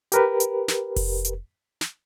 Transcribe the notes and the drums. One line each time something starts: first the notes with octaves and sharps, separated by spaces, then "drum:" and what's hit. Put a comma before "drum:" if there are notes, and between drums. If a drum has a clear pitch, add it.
G4 A#4 B4, drum: hi-hat
drum: hi-hat
drum: snare
drum: kick F1, open hi-hat
drum: hi-hat
drum: snare